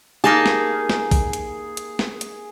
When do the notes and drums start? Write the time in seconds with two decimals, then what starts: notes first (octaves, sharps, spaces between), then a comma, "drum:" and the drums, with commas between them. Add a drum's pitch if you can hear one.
0.24 A#3 D#4 G#4 A5
0.46 drum: snare
0.90 drum: snare
1.11 drum: kick A#1, open hi-hat
1.33 drum: hi-hat
1.77 drum: hi-hat
1.99 drum: snare
2.21 drum: hi-hat